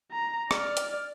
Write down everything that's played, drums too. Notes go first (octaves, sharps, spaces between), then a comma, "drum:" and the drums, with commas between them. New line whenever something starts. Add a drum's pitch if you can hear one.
A#5
D5 F6, drum: rim click
drum: hi-hat